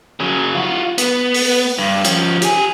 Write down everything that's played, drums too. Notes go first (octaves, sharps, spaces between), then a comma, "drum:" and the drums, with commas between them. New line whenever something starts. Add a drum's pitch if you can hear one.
C#3 F#3
F4 F#4
B3, drum: hi-hat
drum: open hi-hat
G2
F3 C#4, drum: hi-hat
G4 G#5, drum: hi-hat